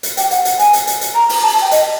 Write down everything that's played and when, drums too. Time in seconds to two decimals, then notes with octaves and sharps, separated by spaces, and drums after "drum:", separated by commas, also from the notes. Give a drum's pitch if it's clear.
0.03 drum: hi-hat
0.17 G5, drum: hi-hat
0.31 F#5, drum: hi-hat
0.45 drum: hi-hat
0.59 G#5, drum: hi-hat
0.73 drum: hi-hat
0.87 drum: hi-hat
1.01 drum: hi-hat
1.15 A#5
1.29 drum: open hi-hat
1.43 A5
1.53 A5
1.62 G5
1.71 D#5, drum: hi-hat